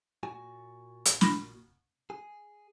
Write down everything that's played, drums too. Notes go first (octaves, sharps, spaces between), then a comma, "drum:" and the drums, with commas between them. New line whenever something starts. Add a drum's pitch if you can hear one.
A#2 F#4 G#5
drum: hi-hat
B5 A#6, drum: snare
G#4